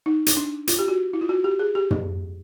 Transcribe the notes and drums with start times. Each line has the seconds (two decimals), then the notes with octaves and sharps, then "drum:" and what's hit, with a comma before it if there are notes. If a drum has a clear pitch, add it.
0.06 D#4
0.26 drum: hi-hat
0.37 D4
0.67 F4, drum: hi-hat
0.79 G4
0.88 F#4
1.13 E4
1.21 F4
1.29 F#4
1.44 G4
1.59 G#4
1.75 G4
1.91 drum: tom